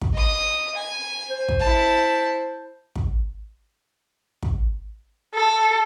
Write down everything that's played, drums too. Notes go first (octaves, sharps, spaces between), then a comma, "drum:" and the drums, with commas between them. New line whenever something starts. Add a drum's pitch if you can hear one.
drum: kick
D#5 D#6
G#5
C5
drum: kick
E4 A5
drum: kick
drum: kick
A4